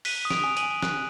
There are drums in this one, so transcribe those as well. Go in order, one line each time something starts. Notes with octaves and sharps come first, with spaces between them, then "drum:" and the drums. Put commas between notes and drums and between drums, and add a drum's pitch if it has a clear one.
F#6 B6 D#7, drum: open hi-hat
D#6
D7 F7, drum: snare
G#5
D#7 F#7, drum: hi-hat
G#5
F#6, drum: snare